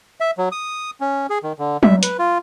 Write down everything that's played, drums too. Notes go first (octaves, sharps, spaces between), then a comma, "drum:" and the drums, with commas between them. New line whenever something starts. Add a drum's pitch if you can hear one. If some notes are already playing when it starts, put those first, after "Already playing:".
E5
F#3
D#6
C#4
G#4
D#3
D3
E5, drum: tom F#3
B4, drum: hi-hat
F4